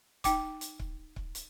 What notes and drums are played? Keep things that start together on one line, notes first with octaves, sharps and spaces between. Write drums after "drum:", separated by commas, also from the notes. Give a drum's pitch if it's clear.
D#4 G5 D6, drum: kick C#1, hi-hat
drum: hi-hat
drum: kick C#1
drum: kick C#1
drum: hi-hat